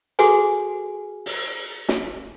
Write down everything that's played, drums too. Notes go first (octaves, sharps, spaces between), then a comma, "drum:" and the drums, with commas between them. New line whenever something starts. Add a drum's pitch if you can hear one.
F#4 G#4 A4 B4 G#5, drum: hi-hat
drum: open hi-hat
drum: snare